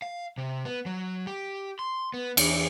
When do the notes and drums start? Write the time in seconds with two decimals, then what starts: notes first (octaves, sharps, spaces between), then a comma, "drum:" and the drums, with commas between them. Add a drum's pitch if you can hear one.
0.02 F5
0.38 C3
0.65 B3
0.86 F#3
1.27 G4
1.79 C6
2.14 B3
2.37 E2, drum: cymbal